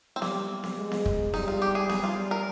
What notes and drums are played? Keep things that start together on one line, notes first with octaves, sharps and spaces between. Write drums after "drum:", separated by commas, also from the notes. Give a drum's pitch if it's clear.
C4
G3 A#3, drum: snare B3
drum: snare B3
G#3
drum: snare B3
drum: kick
G3 D#4, drum: snare B3
F4
G4
G#4
G#4, drum: snare B3
F4
A#4